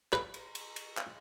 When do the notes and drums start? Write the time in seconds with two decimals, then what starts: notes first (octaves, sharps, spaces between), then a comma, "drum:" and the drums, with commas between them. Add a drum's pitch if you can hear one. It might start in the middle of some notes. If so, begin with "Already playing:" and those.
0.13 B4, drum: clap
0.34 drum: cymbal
0.55 drum: cymbal
0.76 drum: cymbal
0.97 drum: clap